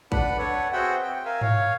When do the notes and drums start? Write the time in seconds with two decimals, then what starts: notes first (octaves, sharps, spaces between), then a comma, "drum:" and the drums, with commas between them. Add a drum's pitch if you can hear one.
0.12 D4 B4 F#5 B5, drum: kick
0.38 A4 B4 C#5 F#5
0.73 C4 F#4 G#4 E5 F#5 G5
1.02 G5
1.25 A#4 E5 F5 G#5
1.41 C#5 F5, drum: tom G#2